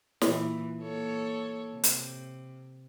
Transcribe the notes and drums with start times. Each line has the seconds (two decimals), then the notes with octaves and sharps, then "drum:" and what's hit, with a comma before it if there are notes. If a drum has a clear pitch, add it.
0.21 A#2 E3, drum: snare
0.82 A#3 A4 C#5
1.73 C3
1.84 drum: hi-hat